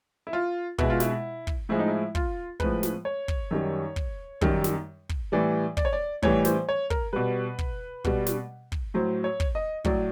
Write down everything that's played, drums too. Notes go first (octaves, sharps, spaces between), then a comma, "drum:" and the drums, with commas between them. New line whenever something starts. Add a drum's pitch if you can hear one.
E4
F4
B2 G#3 E4, drum: kick
F4
E4, drum: snare
drum: kick
A2 F3 G#3 E4
D#4
E4
F4, drum: kick
A2 F3 G#3 B4, drum: kick
drum: snare
C#5
drum: kick
F#2 D#3 G3
drum: kick
F#2 D#3 G3, drum: kick
drum: snare
drum: kick
A2 E3 G3 D5
D5, drum: kick
C#5
D5
A2 E3 G3 C#5, drum: kick
C5, drum: snare
C#5
A#4, drum: kick
B2 G3 B4
drum: kick
B2 G3, drum: kick
drum: snare
drum: kick
A2 F#3 C5
C#5
drum: kick
D#5
A2 F#3 D5, drum: kick